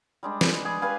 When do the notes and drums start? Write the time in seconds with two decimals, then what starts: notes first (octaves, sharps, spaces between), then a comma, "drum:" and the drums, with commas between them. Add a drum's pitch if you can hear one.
0.23 G3 G#3 D4
0.41 B4, drum: snare
0.65 G#4
0.82 G4 B4 F5 G#5